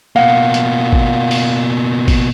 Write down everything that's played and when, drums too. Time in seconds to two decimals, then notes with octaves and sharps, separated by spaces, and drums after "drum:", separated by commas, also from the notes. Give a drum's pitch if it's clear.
0.16 B2 A#3 F5 F#5
0.54 drum: hi-hat
0.93 drum: kick
1.31 drum: open hi-hat
2.08 drum: kick, open hi-hat